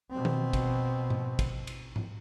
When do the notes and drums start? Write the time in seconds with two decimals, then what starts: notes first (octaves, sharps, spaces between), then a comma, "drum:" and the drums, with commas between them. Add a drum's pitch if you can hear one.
0.11 B2 C4
0.25 drum: tom D#3
0.53 drum: kick, cymbal
1.10 drum: tom G#2
1.39 drum: kick, cymbal
1.67 drum: cymbal
1.96 drum: tom G#2